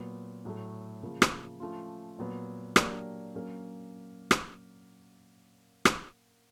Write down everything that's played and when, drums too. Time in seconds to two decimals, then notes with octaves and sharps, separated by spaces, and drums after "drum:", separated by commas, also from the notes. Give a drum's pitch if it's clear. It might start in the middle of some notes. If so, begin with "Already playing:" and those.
Already playing: A#2 F#3 B3
0.45 A2 F#3 A3
1.03 C#3 F3 A#3
1.22 drum: rim click
1.60 F3 A3 C#4 F4
2.19 A#2 F#3 B3
2.76 F#3 A#3 D4 G4, drum: rim click
3.35 F#3 A#3 C#4
4.31 drum: rim click
5.85 drum: rim click